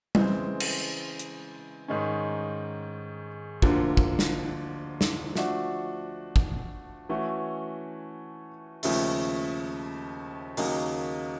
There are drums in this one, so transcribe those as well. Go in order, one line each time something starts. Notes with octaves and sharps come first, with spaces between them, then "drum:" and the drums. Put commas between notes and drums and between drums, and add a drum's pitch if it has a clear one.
C#3 E3 G#3 C4, drum: tom G3
drum: cymbal
drum: hi-hat
G#2 D#3 G#3 C#4
D2 D3 F3 A#3, drum: kick
drum: kick
drum: snare
drum: snare
F3 A3 D4 F#4, drum: snare
drum: kick
E3 A3 C#4 F#4
D#2 C#3 F3 A3, drum: open hi-hat
D#2 C#3 F#3 A#3 D#4, drum: open hi-hat